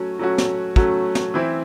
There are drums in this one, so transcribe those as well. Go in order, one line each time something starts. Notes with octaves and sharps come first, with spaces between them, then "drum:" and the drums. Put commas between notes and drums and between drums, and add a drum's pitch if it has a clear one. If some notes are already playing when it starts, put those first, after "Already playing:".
Already playing: F#3 A3 C#4 F#4
F#3 A3 C#4 F#4
drum: snare
F#3 A3 C#4 F#4, drum: kick
drum: snare
E3 C4 E4